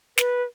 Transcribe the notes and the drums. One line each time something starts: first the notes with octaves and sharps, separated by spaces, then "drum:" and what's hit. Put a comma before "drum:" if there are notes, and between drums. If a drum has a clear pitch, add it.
B4, drum: snare